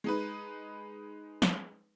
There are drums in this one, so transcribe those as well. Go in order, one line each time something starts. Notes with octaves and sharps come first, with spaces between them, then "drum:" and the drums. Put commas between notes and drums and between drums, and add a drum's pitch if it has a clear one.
G#3 D#4 B4
drum: snare